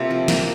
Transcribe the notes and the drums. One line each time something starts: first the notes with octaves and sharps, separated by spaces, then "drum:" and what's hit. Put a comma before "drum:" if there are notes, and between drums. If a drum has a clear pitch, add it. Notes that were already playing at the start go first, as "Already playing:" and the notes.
Already playing: C3 A#3 F4 A4
F3
A#3, drum: snare